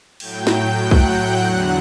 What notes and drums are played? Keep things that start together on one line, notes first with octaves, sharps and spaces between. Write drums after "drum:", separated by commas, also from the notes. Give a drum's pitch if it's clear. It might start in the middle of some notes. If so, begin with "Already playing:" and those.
A2 F#3 G5 G6, drum: cymbal
drum: snare
F#5 F#6
drum: kick B1
F#5 F#6
E2 D3 F#3 F#5 F#6